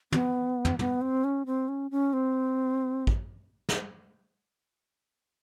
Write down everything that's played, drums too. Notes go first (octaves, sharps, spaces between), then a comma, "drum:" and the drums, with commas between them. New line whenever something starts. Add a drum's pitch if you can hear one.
B3, drum: tom
drum: tom
B3, drum: tom
C4
C#4
C4
C#4
C#4
C4
drum: kick
drum: snare